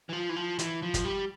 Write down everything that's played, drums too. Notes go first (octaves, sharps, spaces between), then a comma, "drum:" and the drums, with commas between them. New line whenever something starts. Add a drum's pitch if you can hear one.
E3
F3
E3
F3
E3, drum: hi-hat
F3
drum: kick, hi-hat
G3